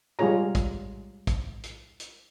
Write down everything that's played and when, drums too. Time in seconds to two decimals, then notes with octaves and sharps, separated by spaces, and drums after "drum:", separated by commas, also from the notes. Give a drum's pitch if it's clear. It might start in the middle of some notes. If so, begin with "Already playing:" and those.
0.19 G3 G#3 F4 G#4 C#5 A#5, drum: tom A#2
0.55 drum: kick, hi-hat
1.27 drum: kick, hi-hat
1.64 drum: hi-hat
2.00 drum: hi-hat